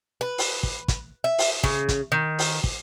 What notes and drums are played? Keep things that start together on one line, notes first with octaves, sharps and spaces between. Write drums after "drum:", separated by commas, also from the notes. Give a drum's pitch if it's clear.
B4
drum: open hi-hat
drum: kick
drum: kick, hi-hat
E5
drum: open hi-hat
C#3, drum: kick
drum: kick, hi-hat
D#3
drum: open hi-hat
drum: kick